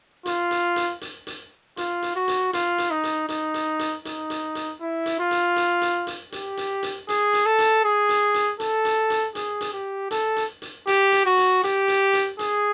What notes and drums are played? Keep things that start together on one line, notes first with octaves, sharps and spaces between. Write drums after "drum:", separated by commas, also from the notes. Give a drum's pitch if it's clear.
F4, drum: hi-hat
drum: hi-hat
drum: hi-hat
drum: hi-hat
drum: hi-hat
F4, drum: hi-hat
drum: hi-hat
F#4
drum: hi-hat
F4, drum: hi-hat
drum: hi-hat
D#4
drum: hi-hat
D#4, drum: hi-hat
drum: hi-hat
drum: hi-hat
D#4, drum: hi-hat
drum: hi-hat
drum: hi-hat
E4
drum: hi-hat
F4
drum: hi-hat
drum: hi-hat
drum: hi-hat
drum: hi-hat
G4, drum: hi-hat
drum: hi-hat
drum: hi-hat
G#4, drum: hi-hat
drum: hi-hat
A4
drum: hi-hat
G#4
drum: hi-hat
drum: hi-hat
A4, drum: hi-hat
drum: hi-hat
drum: hi-hat
G#4, drum: hi-hat
drum: hi-hat
G4
A4, drum: hi-hat
drum: hi-hat
drum: hi-hat
G4, drum: hi-hat
drum: hi-hat
F#4
drum: hi-hat
G4, drum: hi-hat
drum: hi-hat
drum: hi-hat
G#4, drum: hi-hat